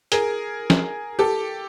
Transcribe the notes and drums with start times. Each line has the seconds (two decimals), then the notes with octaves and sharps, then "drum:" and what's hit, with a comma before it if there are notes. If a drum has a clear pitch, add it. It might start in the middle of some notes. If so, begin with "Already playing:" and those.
0.12 G#4 A#4, drum: hi-hat
0.70 drum: snare
1.19 G4 A4